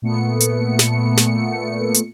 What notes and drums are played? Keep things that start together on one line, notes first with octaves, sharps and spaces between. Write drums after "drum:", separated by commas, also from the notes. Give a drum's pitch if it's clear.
A#2 A3 B3 C#7
drum: hi-hat
drum: snare
drum: snare
drum: hi-hat